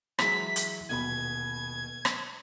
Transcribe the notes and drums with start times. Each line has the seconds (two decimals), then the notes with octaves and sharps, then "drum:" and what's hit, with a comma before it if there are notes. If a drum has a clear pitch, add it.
0.19 E3 F#3 G#3 B6, drum: rim click
0.56 drum: hi-hat
0.89 D#1 B2 B5 G#6
2.05 drum: rim click